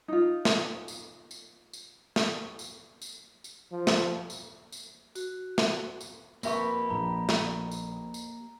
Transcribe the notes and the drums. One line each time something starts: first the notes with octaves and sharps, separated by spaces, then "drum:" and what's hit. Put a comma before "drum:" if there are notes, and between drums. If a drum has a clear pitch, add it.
D#4 F4
drum: snare
drum: tambourine
drum: tambourine
drum: tambourine
drum: snare
drum: tambourine
drum: tambourine
drum: tambourine
F3
drum: snare
drum: tambourine
drum: tambourine
F#4, drum: tambourine
drum: snare
drum: tambourine
F2 A#3 G4 A#4 B4 E5 C#6, drum: tambourine
A#1 A#5
drum: snare
drum: tambourine
drum: tambourine